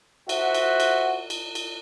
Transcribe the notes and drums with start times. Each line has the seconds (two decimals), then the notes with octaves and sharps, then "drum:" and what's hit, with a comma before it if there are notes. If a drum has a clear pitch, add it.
0.29 F#4 C5 E5 F#5, drum: cymbal
0.54 drum: cymbal
0.80 drum: cymbal
1.30 drum: cymbal
1.55 drum: cymbal